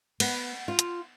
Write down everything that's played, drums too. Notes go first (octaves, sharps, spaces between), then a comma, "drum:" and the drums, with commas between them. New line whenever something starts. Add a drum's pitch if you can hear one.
B3, drum: cymbal
F4
drum: hi-hat